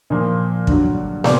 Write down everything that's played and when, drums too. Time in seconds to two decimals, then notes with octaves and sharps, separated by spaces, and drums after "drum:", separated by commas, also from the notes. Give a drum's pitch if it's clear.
0.10 A#2 F3 A#3
0.67 G2 D3 F#3, drum: kick
1.24 A#2 C5 D5, drum: snare